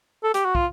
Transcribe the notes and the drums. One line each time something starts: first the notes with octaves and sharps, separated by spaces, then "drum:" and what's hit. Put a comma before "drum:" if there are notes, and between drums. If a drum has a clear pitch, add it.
A4
G4, drum: hi-hat
F#4
F4, drum: kick